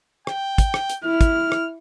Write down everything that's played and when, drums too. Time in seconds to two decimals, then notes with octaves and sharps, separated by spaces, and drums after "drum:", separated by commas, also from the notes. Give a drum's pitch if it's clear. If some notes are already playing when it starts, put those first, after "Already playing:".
0.27 G5, drum: rim click
0.58 drum: kick, hi-hat
0.74 drum: rim click
0.90 drum: hi-hat
1.04 E4 F6
1.21 drum: kick, hi-hat
1.52 drum: rim click